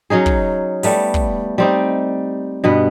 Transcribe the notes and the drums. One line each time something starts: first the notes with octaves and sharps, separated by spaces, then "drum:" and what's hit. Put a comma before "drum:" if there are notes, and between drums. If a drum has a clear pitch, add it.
F#3 C#4 D#4 G#4
drum: kick
G3 A3 B3, drum: open hi-hat
drum: kick
G3 C4 D#4
G2 B2 B3 B4